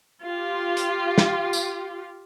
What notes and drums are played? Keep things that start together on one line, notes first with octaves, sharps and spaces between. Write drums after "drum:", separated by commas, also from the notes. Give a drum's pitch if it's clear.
F4 G4
drum: hi-hat
drum: snare
drum: tambourine